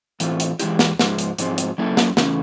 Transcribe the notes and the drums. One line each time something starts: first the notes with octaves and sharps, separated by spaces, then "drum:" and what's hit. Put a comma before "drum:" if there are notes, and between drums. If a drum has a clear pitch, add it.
A2 E3 A3 C4 F4, drum: hi-hat
drum: hi-hat
E3 G#3 C#4 E4 G4, drum: hi-hat
drum: snare
G#2 F3 G#3, drum: snare
drum: hi-hat
G#2 F3 G#3 C4, drum: hi-hat
drum: hi-hat
F#3 A#3 C#4 E4 A4
drum: snare
C#3 E3 A3 C#4, drum: snare